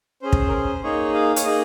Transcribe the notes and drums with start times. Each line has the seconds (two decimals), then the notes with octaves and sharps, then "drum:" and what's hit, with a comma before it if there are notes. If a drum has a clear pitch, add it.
0.22 C#4 G#4 C5
0.33 drum: kick
0.48 A#4
0.53 C5
0.83 A#3 D#4 G#4 C#5
1.14 F5
1.36 C#5, drum: hi-hat
1.44 A#3 D#4 G#4 D#5